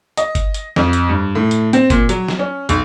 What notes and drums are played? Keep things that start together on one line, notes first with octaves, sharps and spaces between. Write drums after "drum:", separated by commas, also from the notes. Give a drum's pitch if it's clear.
D#5, drum: hi-hat
drum: kick G1, hi-hat
drum: hi-hat
F2, drum: snare
drum: hi-hat
G2
A2
drum: hi-hat
C4, drum: hi-hat
A#2, drum: kick G1, hi-hat
F#3, drum: hi-hat
drum: snare
C#4
B1, drum: hi-hat